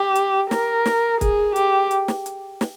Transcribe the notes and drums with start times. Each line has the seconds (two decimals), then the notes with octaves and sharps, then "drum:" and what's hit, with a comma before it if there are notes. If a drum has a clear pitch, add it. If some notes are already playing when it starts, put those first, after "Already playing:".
Already playing: G4
0.15 drum: hi-hat
0.51 A#4, drum: snare
0.86 drum: snare
1.21 G#4, drum: kick, hi-hat
1.56 G4, drum: hi-hat
1.91 drum: hi-hat
2.08 drum: snare
2.26 drum: hi-hat
2.61 drum: snare